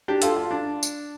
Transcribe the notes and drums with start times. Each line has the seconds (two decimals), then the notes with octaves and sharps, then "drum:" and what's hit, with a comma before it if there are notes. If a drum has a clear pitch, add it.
0.08 D4 G4
0.22 F4 A4, drum: hi-hat
0.36 F4
0.51 D4
0.83 drum: tambourine